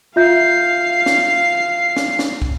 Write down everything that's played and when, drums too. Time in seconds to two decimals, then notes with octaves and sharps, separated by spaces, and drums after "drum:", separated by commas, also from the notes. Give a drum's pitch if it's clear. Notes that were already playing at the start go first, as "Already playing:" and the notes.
0.16 F4 E5 F5 G6 C7
1.06 drum: snare
1.97 drum: snare
2.19 drum: snare
2.42 drum: kick